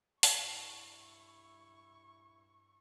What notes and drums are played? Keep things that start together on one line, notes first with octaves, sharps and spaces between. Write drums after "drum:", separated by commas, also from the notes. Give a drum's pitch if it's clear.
G2 E4 C#6, drum: open hi-hat